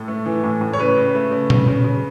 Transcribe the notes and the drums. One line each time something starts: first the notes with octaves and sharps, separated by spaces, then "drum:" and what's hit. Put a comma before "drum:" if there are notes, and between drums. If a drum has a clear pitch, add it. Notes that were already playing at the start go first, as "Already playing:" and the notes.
Already playing: A2 A4
A3
E3
A2
A2
C#5
C#3 B4
C#3
A3
C#3
C#3, drum: tom A#2
C#3
C#3